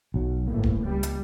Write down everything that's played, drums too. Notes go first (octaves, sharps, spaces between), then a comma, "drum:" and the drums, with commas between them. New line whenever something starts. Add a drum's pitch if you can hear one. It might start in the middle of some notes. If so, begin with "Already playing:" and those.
B1 F#3
G1 A2 A#3
drum: kick D1
C#2 G3
drum: hi-hat